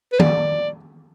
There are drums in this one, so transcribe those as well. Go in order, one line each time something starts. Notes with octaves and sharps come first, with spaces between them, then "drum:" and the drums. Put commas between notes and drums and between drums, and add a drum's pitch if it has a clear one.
B4
D5, drum: tom D#3